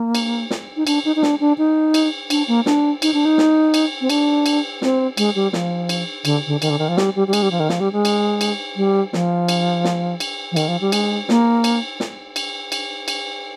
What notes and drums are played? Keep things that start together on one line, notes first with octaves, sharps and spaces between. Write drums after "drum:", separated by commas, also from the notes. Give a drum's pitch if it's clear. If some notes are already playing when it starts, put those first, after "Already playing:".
Already playing: A#3
drum: cymbal
drum: snare
D#4
D4, drum: cymbal
D#4
D#4
D4, drum: snare
D4
D#4
drum: cymbal
D4, drum: cymbal
A#3
D4, drum: snare
D#4, drum: cymbal
D4
D#4
drum: snare
drum: cymbal
C4
D4, drum: cymbal
drum: cymbal
C4, drum: snare
G#3, drum: cymbal
G3
F3, drum: snare
drum: cymbal
D3, drum: cymbal
D3
D#3, drum: cymbal
D3
D#3
F3
G3, drum: snare
G3
G3
G#3, drum: cymbal
G3
F3
D#3
F3, drum: snare
G3
G#3
drum: cymbal
drum: cymbal
G3
F3, drum: snare
drum: cymbal
drum: snare
drum: cymbal
F3
D#3, drum: cymbal
F3
G3
G#3, drum: cymbal
A#3, drum: snare
drum: cymbal
drum: snare
drum: cymbal
drum: cymbal
drum: cymbal